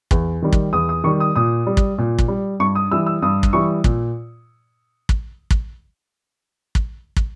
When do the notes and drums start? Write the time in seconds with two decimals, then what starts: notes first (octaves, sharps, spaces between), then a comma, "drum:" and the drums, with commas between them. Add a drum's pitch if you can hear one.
0.11 E2, drum: kick
0.42 D#3 G3
0.53 drum: kick
0.73 E2 D#6
0.89 D#6
1.04 D#3 G3 C#6
1.20 D#6
1.36 A#2 D#6
1.67 G3
1.77 drum: kick
1.98 A#2
2.18 drum: kick
2.28 G3
2.60 G2 C#6
2.75 D#6
2.91 E3 G3 E6
3.07 E6
3.22 G2 D#6
3.43 drum: kick
3.53 E3 G3 C#6
3.84 A#2, drum: kick
5.09 drum: kick
5.50 drum: kick
6.75 drum: kick
7.16 drum: kick